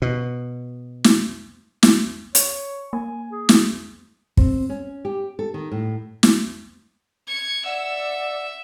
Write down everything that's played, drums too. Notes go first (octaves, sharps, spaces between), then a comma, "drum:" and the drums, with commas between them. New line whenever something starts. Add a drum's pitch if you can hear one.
B2
drum: snare
drum: snare
C#5, drum: hi-hat
A#3 G#5
G#4
drum: snare
C4, drum: kick
C#4
G4
A4
D#3
A2
drum: snare
G#6 C#7
D5 E5 F#5 E6